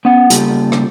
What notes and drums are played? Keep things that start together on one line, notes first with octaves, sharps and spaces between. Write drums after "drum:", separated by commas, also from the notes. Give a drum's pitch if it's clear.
B3 C#4 F#5
C#3 G3 A#3 F4 G4 A4, drum: hi-hat
drum: rim click